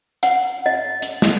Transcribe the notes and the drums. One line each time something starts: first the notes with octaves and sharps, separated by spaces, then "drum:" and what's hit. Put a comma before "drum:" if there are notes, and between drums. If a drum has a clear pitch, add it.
F#5, drum: hi-hat
D#5
drum: hi-hat
drum: snare